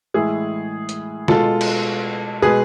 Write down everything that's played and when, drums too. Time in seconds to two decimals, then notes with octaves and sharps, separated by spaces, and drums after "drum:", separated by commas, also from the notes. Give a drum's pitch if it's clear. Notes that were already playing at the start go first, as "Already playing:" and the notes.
0.14 A2 E3 G#3 E4 G#4
0.89 drum: hi-hat
1.28 B2 G#3 F4 A4, drum: snare
1.61 drum: cymbal
2.42 B2 G#3 G#4 B4